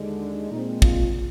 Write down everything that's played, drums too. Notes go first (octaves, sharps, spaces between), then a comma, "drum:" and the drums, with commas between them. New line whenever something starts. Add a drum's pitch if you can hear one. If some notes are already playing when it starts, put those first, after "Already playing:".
Already playing: D#2 D3 G#3
D4
A#2 G#3 C4 D#4
F4, drum: kick